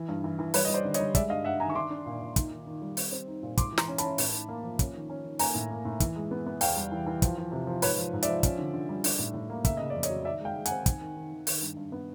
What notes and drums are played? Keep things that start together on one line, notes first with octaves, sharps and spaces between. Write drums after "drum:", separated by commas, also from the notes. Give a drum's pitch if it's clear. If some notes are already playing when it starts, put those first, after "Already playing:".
Already playing: E3
G2
E3
E3
G3 B4 C#5, drum: open hi-hat
D#5
G3 C5 D5
D3
C#5 D#5, drum: hi-hat
G3
G#3 D5 E5, drum: kick, hi-hat
G2 D#5 F5
G2 E5 F#5
D#3 G#5 A#5
C#6
D4 C6 D6
D4
A#2
A#2
D#4, drum: kick, hi-hat
D#3
D#3
G3
C4, drum: open hi-hat
C4
D#4
A#2
G#2 C6 D6, drum: kick, hi-hat
E3
A#5 C6, drum: snare
C#4
C#4 A5 B5, drum: hi-hat
A2, drum: open hi-hat
D#4
A#3
F3
C#4, drum: kick, hi-hat
D#3
C#4
D#3
A#3 G#5 A#5, drum: open hi-hat
A2
A#3
A2
E3, drum: kick, hi-hat
G#3
B3
B3
E2 F5 G5, drum: open hi-hat
G3
E3
E3
F3, drum: kick, hi-hat
F3
C3
F3
G#2 B4 C#5, drum: open hi-hat
F3
G#2
D5 E5, drum: hi-hat
F3
C#4, drum: kick, hi-hat
D3
D3
G3
D4, drum: open hi-hat
A2
A2
A#3
C#3 E5, drum: kick, hi-hat
C#3 D#5
F2 D5
C#5 D#5, drum: hi-hat
F#3
D#3 D5 E5
G#3 F5 G5
G#3
F#5 G#5, drum: hi-hat
C4
D#3, drum: kick, hi-hat
D#3
D#3
D#3
D#3, drum: open hi-hat
G2
G2
B3